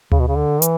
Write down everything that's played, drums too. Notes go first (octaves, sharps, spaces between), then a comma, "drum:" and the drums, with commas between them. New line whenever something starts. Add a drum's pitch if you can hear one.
C#3, drum: tom D2
B2
C#3
D3
E3, drum: hi-hat